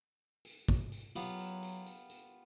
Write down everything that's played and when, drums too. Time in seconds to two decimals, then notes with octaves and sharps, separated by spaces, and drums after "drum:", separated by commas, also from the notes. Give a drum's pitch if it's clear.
0.45 drum: tambourine
0.69 drum: kick, tambourine
0.92 drum: tambourine
1.16 F#3 B3 F4 G4, drum: tambourine
1.39 drum: tambourine
1.63 drum: tambourine
1.86 drum: tambourine
2.10 drum: tambourine